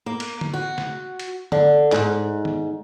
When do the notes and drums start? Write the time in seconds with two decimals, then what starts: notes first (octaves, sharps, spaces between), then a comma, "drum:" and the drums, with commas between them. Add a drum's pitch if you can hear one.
0.06 A#3
0.20 drum: cymbal
0.41 drum: tom D3
0.54 F#4
0.78 drum: snare
1.19 drum: hi-hat
1.52 D3, drum: tom D3
1.92 G#2, drum: clap
2.45 drum: tom D#3